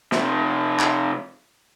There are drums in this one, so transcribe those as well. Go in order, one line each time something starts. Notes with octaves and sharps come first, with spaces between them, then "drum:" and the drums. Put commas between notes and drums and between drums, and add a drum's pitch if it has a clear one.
C3 F3, drum: snare
drum: clap